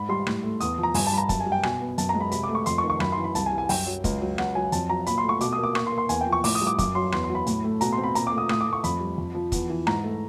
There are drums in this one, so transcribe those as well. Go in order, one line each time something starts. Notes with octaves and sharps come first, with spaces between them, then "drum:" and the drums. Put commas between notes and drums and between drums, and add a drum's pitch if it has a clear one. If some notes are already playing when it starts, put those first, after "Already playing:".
Already playing: G#2 B5
G3 C6
A2, drum: rim click
A3
E2 D#6, drum: hi-hat
F3
A#5
G2 G#5, drum: open hi-hat
A5
G3 B5
A#5
F#2 A5, drum: kick, hi-hat
G#5
G3
G5
B2 G#5, drum: rim click
B3
F#2 A5, drum: hi-hat
A#5
G#3
B5
C3 B5, drum: hi-hat
D6
A3
C#6
F2 C6, drum: hi-hat
C#6
D#3
C#6
F#2 B5, drum: rim click
C6
E3
B5
C2 A5, drum: hi-hat
G#5
G3
G#5
F#2 G5, drum: open hi-hat
F#3
C#2, drum: kick, hi-hat
F#3
C#2 F#5, drum: rim click
F#3 G#5
F2 A5, drum: hi-hat
F#3 A#5
A#2 B5, drum: hi-hat
C6
A3
C#6
B2 D6, drum: hi-hat
D#6
A#3
D6
A#2 C#6, drum: rim click
C6
A#3
C6
E2 G#5, drum: hi-hat
G5
F3
C#6
A2 D6, drum: open hi-hat
D#6
G3
D6
F#2 D6, drum: kick, hi-hat
F#3 C6
E2 C6, drum: rim click
C6
F#3
B5
A2, drum: hi-hat
A3
B2 A#5, drum: hi-hat
C6
C4
B5
A#2 A#5, drum: hi-hat
D6
A3
D#6
A2 D#6, drum: rim click
D6
A3
C#6
F2 B5, drum: hi-hat
G3
F2
F3
E2, drum: kick, hi-hat
E3
G#2 A#5, drum: rim click
A3